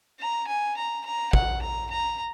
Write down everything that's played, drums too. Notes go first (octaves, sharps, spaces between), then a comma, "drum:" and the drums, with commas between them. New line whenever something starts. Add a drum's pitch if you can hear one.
A#5
G#5
A#5
A#5
F#5, drum: kick
A#5
A#5